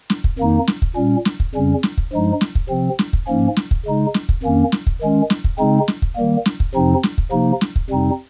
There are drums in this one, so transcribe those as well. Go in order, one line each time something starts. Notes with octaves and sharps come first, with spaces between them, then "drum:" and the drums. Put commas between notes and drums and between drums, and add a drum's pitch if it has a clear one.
drum: snare
drum: kick
F2 D#3 A#3 D#4
drum: snare
drum: kick
A#2 G3 C#4
drum: snare
drum: kick
F2 C#3 G3 C#4
drum: snare
drum: kick
G2 F3 G#3 D#4
drum: snare
drum: kick
C3 F3 C4
drum: snare
drum: kick
G#2 F3 A#3 C#4
drum: snare
drum: kick
C#3 G#3 D#4
drum: snare
drum: kick
F2 D#3 A#3 C#4
drum: snare
drum: kick
D#3 G#3 C#4
drum: snare
drum: kick
C#3 G#3 C4 D#4
drum: snare
drum: kick
D#3 G3 A#3
drum: snare
drum: kick
F2 C3 F3 C4 D#4
drum: snare
drum: kick
C3 F3 A#3 D#4
drum: snare
drum: kick
F2 C3 G3 C4 D#4